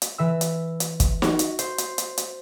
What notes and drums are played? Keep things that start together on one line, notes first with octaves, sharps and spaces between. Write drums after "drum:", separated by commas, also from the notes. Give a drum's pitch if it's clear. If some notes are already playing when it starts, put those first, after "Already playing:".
drum: hi-hat
E3 E5 E6
drum: hi-hat
drum: hi-hat
drum: kick, hi-hat
F#4, drum: snare
drum: hi-hat
C5, drum: hi-hat
drum: hi-hat
drum: hi-hat
drum: hi-hat